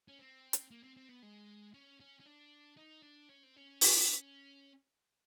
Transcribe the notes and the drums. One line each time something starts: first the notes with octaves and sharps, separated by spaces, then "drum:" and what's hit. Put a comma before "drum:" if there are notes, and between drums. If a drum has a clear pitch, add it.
C#4
C4
drum: hi-hat
A#3
C4
C4
B3
G#3
C#4
C#4
C#4
D4
D#4
D4
C#4
C4
C#4
drum: open hi-hat